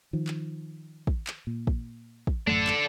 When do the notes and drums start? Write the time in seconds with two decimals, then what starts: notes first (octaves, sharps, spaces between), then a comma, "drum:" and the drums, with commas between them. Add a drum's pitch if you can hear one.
0.13 D#3 F3
0.27 drum: clap
1.07 drum: kick
1.27 drum: clap
1.47 A#2
1.67 drum: kick
2.27 drum: kick
2.47 A1 F#2 A3 D4 A4
2.67 drum: clap